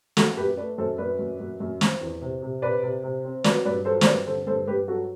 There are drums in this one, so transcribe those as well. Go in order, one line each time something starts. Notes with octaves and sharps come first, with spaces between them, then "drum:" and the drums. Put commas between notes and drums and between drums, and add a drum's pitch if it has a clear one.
A3 F#4 A4, drum: snare
F#2 G4 B4
A3 B4 D5
F#2 A4 C5
F#2 B4 D5
F#2
F#2
F#2
C4, drum: snare
E2
C3
C3
C3 B4 D5
C3
C3
C4
F#3 B4 D5, drum: snare
G2 B4 D5
F#3 A4 C5
C5, drum: snare
G2 B4 D5
D3 A4 C5
G2 A4 C5
G2 G4 B4
F#3 F#4 A4